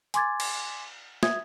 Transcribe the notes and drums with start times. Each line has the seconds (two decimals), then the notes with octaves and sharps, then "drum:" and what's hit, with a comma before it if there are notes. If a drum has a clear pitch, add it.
0.14 G#5 C6 D6 G#6 A6, drum: hi-hat
0.40 drum: cymbal
1.23 E5 D#6 G#6, drum: snare